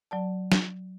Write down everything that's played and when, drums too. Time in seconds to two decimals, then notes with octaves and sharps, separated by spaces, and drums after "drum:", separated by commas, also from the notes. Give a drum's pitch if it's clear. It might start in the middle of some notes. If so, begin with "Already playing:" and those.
0.11 F#3 D5 A5
0.52 drum: snare